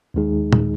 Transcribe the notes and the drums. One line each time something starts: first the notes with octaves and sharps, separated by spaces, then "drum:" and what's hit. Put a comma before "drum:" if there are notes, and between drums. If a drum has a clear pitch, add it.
D#2 D#3 G#3 D#4 G#4
drum: tom A#2